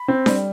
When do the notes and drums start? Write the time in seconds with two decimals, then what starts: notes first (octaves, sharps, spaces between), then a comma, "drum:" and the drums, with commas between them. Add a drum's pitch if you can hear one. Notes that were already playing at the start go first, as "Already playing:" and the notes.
Already playing: B5
0.08 C4
0.26 G3, drum: snare D4